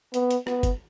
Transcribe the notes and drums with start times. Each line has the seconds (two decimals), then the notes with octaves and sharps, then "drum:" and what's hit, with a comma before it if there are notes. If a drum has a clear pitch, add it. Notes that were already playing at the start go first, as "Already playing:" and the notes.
0.14 B3, drum: hi-hat
0.31 drum: hi-hat
0.47 B3, drum: rim click
0.63 drum: kick G1, hi-hat